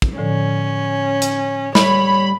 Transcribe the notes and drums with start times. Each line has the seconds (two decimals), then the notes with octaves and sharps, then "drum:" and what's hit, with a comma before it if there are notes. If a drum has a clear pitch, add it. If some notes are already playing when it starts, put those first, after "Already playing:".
0.02 drum: kick
0.17 A2 D3 F3 C#4
1.22 drum: hi-hat
1.75 G3 C#5 B5, drum: snare